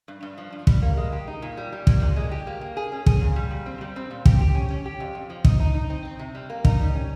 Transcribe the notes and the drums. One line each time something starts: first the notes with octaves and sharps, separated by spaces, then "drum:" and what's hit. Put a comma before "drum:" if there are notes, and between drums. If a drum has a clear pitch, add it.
G2
G2
F3
G2
G3, drum: kick
A#3
G#3
G4
D#4
A#2
G3
G3
A#2, drum: kick
A#2
G#3
G4
A#3
A#3
G#4
C#4
G#4, drum: kick
A#2
G3
A#2
C4
G3
C4
A#2
G4, drum: kick
G4
C#4
C#4
G4
F2
F2
F3
D#4, drum: kick
D#4
D#4
C4
C4
C3
G3
A#3
D#4, drum: kick
G3
C#4